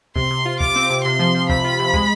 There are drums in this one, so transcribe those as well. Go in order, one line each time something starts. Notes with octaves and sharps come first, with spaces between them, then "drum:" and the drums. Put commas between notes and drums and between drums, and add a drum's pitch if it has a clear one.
C3 C6, drum: kick
C3
F4
F4 D6, drum: kick
C4
C3
C3 C6
F3
F3
C3 B5, drum: kick
F4
C3
G#3, drum: kick